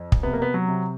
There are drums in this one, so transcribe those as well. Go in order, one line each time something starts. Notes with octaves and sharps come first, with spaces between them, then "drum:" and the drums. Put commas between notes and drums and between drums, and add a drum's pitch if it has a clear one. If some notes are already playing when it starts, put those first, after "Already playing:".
Already playing: F2
drum: kick
C3 B3
A#3
B3
F#3
C3